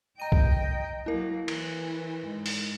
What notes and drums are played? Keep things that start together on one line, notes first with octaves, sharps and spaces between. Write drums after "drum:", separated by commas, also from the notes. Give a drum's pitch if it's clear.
D#5 G5 A#5 D#7
drum: kick C2
F#3 A#3 E4 A#4
E3, drum: cymbal
G#2
drum: open hi-hat